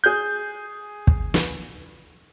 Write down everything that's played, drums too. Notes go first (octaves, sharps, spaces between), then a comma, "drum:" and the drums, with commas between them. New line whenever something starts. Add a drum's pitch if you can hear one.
G#4 G6
drum: kick
drum: snare